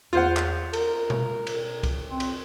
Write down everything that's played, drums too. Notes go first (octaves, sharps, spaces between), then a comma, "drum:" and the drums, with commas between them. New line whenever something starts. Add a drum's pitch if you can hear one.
E2 F4 C5 F#5
drum: clap
A#4, drum: cymbal
drum: tom B2
drum: cymbal
drum: kick, cymbal
C4
drum: cymbal